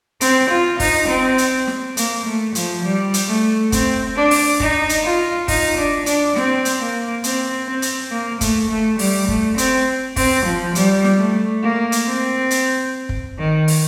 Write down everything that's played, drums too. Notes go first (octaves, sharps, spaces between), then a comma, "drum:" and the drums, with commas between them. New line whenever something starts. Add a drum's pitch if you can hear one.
C4, drum: hi-hat
F4
D#4, drum: kick, open hi-hat
C4
drum: hi-hat
drum: snare
A#3, drum: hi-hat
A3
F3, drum: hi-hat
G3
drum: hi-hat
A3
C4, drum: kick, hi-hat
D4
drum: open hi-hat
D#4, drum: kick
drum: hi-hat
F4
D#4, drum: kick, open hi-hat
D4
D4, drum: hi-hat
C4, drum: snare
drum: hi-hat
A#3
C4, drum: hi-hat
C4
drum: hi-hat
A#3
A3, drum: kick, hi-hat
A3
G3, drum: open hi-hat
A3, drum: kick
C4, drum: hi-hat
C4, drum: kick, open hi-hat
F3
G3, drum: hi-hat
drum: snare
A3
A#3
drum: hi-hat
C4
drum: hi-hat
drum: kick
D#3
drum: open hi-hat